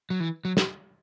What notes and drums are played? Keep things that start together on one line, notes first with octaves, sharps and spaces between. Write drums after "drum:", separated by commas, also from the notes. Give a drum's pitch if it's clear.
F#3
E3
F#3
drum: snare